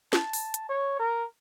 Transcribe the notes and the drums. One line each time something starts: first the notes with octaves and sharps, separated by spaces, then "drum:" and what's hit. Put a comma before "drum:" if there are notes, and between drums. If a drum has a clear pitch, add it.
A5, drum: snare
drum: open hi-hat
drum: hi-hat
C#5
A#4